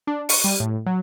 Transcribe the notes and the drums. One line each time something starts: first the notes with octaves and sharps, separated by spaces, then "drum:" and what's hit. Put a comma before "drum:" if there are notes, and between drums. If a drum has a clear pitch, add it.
D4
C#6, drum: open hi-hat
G3
A2
F#3